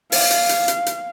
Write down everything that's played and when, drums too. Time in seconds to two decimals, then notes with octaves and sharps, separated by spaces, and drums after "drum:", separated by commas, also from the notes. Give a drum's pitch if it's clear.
0.12 F5, drum: open hi-hat
0.31 drum: hi-hat
0.49 drum: hi-hat
0.68 drum: hi-hat
0.86 drum: hi-hat